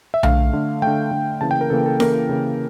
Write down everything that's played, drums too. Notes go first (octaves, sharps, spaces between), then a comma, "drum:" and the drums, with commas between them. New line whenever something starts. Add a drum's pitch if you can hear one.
E5
D3 A3 F5, drum: tom B1
D3 A3
D3 A3 G5
D3 A3
C#3 E3 A#3 A5
G5
A#4
C#3 E3 A#3 A4
A4
C#3 E3 A#3 A#4, drum: snare E4
C#3 E3 A#3